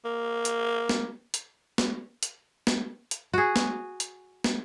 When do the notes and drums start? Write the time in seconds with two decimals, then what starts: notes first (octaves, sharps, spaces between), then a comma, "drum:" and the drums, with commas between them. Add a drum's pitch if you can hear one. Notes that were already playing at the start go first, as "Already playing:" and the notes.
0.05 A#3
0.45 drum: hi-hat
0.89 drum: snare
1.34 drum: hi-hat
1.78 drum: snare
2.23 drum: hi-hat
2.67 drum: snare
3.11 drum: hi-hat
3.33 F#4 G#4
3.56 drum: snare
4.00 drum: hi-hat
4.44 drum: snare